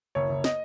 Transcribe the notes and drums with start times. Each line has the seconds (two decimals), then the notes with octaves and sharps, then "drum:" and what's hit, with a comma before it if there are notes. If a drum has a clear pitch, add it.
0.15 F#1 C#5
0.29 F#1
0.44 D#5, drum: snare